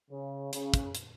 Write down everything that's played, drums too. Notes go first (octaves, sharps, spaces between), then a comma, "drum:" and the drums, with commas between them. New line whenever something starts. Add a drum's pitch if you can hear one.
C#3
C#3, drum: hi-hat
drum: kick, hi-hat
drum: hi-hat